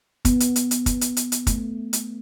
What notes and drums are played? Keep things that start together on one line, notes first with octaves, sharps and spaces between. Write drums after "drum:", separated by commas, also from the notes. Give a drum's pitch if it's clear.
B3, drum: kick, hi-hat
drum: hi-hat
drum: hi-hat
drum: hi-hat
drum: kick, hi-hat
drum: hi-hat
drum: hi-hat
drum: hi-hat
A3, drum: kick, hi-hat
drum: hi-hat